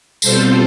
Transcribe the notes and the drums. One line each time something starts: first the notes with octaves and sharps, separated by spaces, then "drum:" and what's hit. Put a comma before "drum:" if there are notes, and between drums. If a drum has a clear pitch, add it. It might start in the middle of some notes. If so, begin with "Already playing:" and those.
B2 G3 C4 F4 A4 C5, drum: tambourine